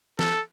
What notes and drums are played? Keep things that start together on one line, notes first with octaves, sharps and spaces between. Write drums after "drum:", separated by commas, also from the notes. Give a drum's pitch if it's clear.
A4, drum: snare